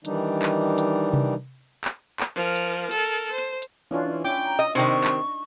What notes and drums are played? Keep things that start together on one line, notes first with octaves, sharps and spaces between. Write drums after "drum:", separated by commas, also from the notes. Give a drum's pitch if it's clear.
D#3 E3 G3 D4 D#4, drum: hi-hat
drum: clap
drum: hi-hat
drum: tom C3
drum: clap
drum: clap
F3 A#4
drum: hi-hat
A4 A#4, drum: hi-hat
C5
drum: hi-hat
E3 C#4 D4 F4
C#4 E4 G5 D6
A#5
D#5
C3 D#3 C4 D4 D#4 C#6
drum: clap